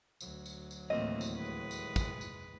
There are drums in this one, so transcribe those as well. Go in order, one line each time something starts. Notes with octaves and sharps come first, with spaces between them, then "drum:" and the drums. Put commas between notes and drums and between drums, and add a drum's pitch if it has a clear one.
D2 F#3, drum: tambourine
drum: tambourine
drum: tambourine
D#2 A2 E3 A#3 C4 D#5
drum: tambourine
G#3 B4
drum: tambourine
drum: kick, tambourine
drum: tambourine